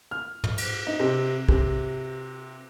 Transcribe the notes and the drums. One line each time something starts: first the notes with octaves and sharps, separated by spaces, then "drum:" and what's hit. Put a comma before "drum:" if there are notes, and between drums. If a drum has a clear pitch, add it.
F6
drum: tom
drum: cymbal
D#4
C3
C3, drum: kick